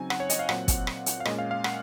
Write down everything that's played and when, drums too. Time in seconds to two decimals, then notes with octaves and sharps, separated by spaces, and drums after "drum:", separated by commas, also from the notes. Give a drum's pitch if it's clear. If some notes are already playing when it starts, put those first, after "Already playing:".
Already playing: C#3 F#3 C4 D#4 G#5
0.10 F#5, drum: rim click
0.20 C#5
0.30 D#5, drum: hi-hat
0.39 F5
0.49 A#2 F#3 C4 F#5, drum: rim click
0.68 drum: kick, hi-hat
0.87 drum: rim click
1.06 drum: hi-hat
1.20 F5
1.25 A#2 G#3 C#4 D#5, drum: rim click
1.38 F5
1.51 F5
1.64 F#5, drum: rim click